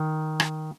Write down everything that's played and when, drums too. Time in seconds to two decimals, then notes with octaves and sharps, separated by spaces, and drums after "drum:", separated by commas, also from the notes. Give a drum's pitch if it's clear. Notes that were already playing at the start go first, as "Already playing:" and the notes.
Already playing: D#3
0.40 drum: rim click